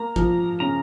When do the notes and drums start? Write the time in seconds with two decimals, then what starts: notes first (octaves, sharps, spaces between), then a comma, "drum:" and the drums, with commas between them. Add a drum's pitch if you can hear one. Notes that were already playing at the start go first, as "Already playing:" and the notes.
Already playing: A#3 A#5
0.16 F3, drum: kick
0.60 C#3 A#5